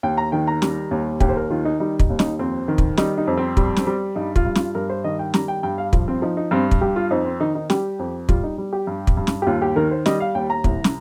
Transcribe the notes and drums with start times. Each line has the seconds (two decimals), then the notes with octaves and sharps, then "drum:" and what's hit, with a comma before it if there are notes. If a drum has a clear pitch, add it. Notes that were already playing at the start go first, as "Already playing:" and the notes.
0.03 D#2 G5
0.17 A#5
0.32 D#3 G5
0.47 A#5
0.62 G3, drum: snare
0.91 D#2
1.20 D#2 G4, drum: kick
1.29 C5
1.36 A#4
1.50 D#3 F4
1.65 D#4
1.80 G3 D#4
2.00 D#4, drum: kick
2.10 D#2
2.19 D#4, drum: snare
2.39 F2 C4
2.68 D#3
2.78 drum: kick
2.97 G3 D#4, drum: snare
3.18 D#4
3.27 F2
3.37 C4
3.57 G3, drum: kick
3.77 drum: snare
3.87 G3
4.16 G2 D#4
4.36 F4, drum: kick
4.45 G2
4.55 F4, drum: snare
4.75 G2 A#4
4.89 C5
5.04 D#3 D#5
5.19 G5
5.34 G3 A#5, drum: snare
5.48 G5
5.63 G2 G5
5.78 F5
5.93 F3, drum: kick
6.08 C4
6.22 F3 D#4
6.37 D#4
6.51 G2 C4
6.71 drum: kick
6.81 G2 G4
6.96 F4
7.11 F2 D#4
7.25 C4
7.40 D#3 D#4
7.55 D#4
7.70 G3 G4, drum: snare
7.99 F2
8.29 G3 F4, drum: kick
8.44 D#4
8.58 G3
8.73 G4
8.87 G2
9.07 drum: kick
9.17 G2
9.27 drum: snare
9.42 G4
9.47 D#2 F4
9.62 G4
9.76 D#3 A#4
9.91 C5
10.06 G3 D#5, drum: snare
10.20 F5
10.35 D#2 G5
10.50 A#5
10.64 C2, drum: kick
10.84 drum: snare